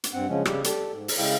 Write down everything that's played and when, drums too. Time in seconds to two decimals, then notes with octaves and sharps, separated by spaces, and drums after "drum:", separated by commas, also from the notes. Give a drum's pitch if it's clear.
0.04 drum: hi-hat
0.13 G2 C4 F#5
0.28 C#3 F3 G#3 C#4
0.45 C#3 G3 G4, drum: rim click
0.64 G4 A4 D5, drum: hi-hat
0.92 G#2
1.08 drum: open hi-hat
1.18 C#3 G#3 E4 F5 G5